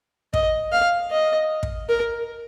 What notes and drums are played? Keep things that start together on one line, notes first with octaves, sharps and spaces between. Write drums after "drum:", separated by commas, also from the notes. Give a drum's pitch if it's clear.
D#5, drum: kick
F5
D#5
drum: kick
A#4